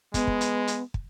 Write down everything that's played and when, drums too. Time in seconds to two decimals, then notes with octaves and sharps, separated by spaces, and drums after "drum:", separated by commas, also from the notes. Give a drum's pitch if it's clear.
0.14 G#3 B3, drum: kick, hi-hat
0.27 drum: kick
0.41 drum: hi-hat
0.67 drum: hi-hat
0.94 drum: kick